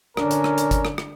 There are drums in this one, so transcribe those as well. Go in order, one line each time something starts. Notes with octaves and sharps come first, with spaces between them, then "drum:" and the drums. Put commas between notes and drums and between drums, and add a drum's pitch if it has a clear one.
D3 C#4 D4 A#4, drum: rim click
drum: hi-hat
drum: rim click
drum: hi-hat
drum: kick G1, hi-hat
drum: rim click
drum: rim click